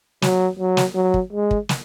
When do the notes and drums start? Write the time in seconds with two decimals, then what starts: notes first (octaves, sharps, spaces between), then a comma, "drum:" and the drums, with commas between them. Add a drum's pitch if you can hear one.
0.22 F#3, drum: snare
0.59 F#3
0.77 drum: snare
0.95 F#3
1.14 drum: kick
1.33 G#3
1.51 drum: kick
1.69 drum: snare